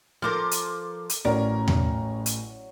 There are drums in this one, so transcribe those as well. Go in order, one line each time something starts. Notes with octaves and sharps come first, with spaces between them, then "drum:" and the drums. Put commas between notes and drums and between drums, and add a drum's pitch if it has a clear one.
F3 A4 A#4 C6 D6 F6
drum: hi-hat
drum: hi-hat
A1 F#3 C#4 A#4 D5
drum: tom E2
drum: hi-hat